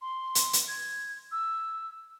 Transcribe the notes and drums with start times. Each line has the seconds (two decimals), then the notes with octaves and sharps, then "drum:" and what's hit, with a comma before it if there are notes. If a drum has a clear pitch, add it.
0.02 C6
0.35 drum: hi-hat
0.53 drum: hi-hat
0.68 G#6
1.32 E6